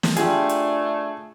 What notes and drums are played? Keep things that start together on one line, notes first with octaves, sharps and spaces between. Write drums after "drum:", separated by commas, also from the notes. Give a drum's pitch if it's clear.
drum: snare
A3 D4 F4 G4 G#4, drum: hi-hat
drum: hi-hat